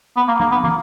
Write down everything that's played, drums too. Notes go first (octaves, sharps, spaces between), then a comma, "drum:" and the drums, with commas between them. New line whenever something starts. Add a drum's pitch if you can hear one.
B3
A#3
A#3, drum: tom F#3
B3
A#3, drum: tom